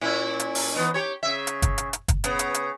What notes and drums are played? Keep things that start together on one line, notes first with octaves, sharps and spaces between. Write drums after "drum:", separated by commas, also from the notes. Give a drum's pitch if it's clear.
A#2 C#4 E4
drum: hi-hat
drum: open hi-hat
E3 B3 D#4
G4 C#5
C#3 E5
drum: hi-hat
drum: kick, hi-hat
drum: hi-hat
drum: hi-hat
drum: kick, hi-hat
C#3 B3, drum: hi-hat
drum: hi-hat
drum: hi-hat